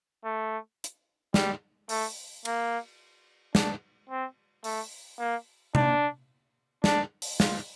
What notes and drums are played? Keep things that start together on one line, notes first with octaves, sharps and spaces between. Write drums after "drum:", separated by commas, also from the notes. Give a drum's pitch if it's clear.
A3
drum: hi-hat
G3, drum: snare
A3, drum: open hi-hat
A#3, drum: cymbal
D4, drum: snare
C4
A3, drum: open hi-hat
A#3
D4, drum: tom C3
D4, drum: snare
drum: open hi-hat
F4, drum: snare